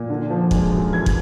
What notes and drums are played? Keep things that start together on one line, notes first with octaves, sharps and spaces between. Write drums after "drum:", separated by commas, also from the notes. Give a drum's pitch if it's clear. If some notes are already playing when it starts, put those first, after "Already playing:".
Already playing: A#2
D3
F3
G#3, drum: kick
F#2
E3 G#6
drum: kick